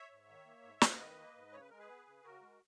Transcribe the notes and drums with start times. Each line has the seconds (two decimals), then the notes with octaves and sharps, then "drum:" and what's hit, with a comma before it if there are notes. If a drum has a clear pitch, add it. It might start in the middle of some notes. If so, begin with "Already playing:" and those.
Already playing: C#5 E5
0.11 G#2
0.29 D#3
0.46 A#3
0.64 G#2
0.81 G#2 B4 D#5, drum: snare
1.00 D#3
1.18 A#3
1.35 G#2
1.53 C#3 C#5
1.61 B4
1.70 G#3 A#4
1.78 G#4 B4
1.89 B3
2.06 C#3
2.24 C#3 F#4 A#4
2.41 G#3